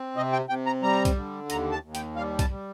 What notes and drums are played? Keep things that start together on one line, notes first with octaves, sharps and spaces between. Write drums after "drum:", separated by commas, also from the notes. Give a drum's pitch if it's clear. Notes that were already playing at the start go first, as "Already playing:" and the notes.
Already playing: C4
C3 D#5
G5
C3 G5
A#5
G3 A#5
drum: kick B1, hi-hat
D3
D#2 A#5, drum: hi-hat
A5
D#2
G5, drum: hi-hat
G3 F5
A5, drum: kick B1, hi-hat
G3